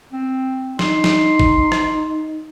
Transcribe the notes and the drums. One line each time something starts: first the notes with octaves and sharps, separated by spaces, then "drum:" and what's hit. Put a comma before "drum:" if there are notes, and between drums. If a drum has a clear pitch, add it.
C4
D#4 C6, drum: snare
drum: snare
drum: kick G1
drum: rim click